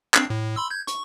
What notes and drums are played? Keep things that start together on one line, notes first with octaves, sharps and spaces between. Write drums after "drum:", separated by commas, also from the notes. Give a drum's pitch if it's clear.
C4 D4 C7, drum: clap
A2
B5 C6 E6
G6 G#6
C#6, drum: hi-hat